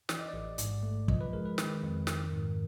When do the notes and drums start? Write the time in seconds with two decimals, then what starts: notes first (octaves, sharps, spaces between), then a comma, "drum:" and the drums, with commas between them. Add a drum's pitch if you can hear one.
0.09 E3 D5, drum: snare
0.19 D#5
0.28 D5
0.34 A1
0.58 G#2, drum: hi-hat
0.83 A3
1.08 F3 D#5, drum: kick
1.21 B4
1.33 G#3 A#4
1.45 B4
1.58 D#3, drum: snare
1.83 F2
2.07 D#3 A#4, drum: snare
2.32 G#2